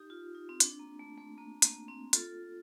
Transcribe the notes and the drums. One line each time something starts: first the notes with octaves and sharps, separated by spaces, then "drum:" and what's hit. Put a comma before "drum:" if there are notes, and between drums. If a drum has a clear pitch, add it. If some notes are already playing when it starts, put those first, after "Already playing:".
Already playing: D#4 G4
F4
D#4
C4
D4, drum: hi-hat
A#3
A3
A3
A#3
A#3, drum: hi-hat
C4
F4 A4, drum: hi-hat